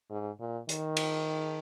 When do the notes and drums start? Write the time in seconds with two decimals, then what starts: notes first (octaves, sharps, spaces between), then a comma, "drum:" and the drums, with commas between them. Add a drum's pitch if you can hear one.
0.11 G#2
0.40 A#2
0.69 D#3, drum: hi-hat
0.97 drum: cymbal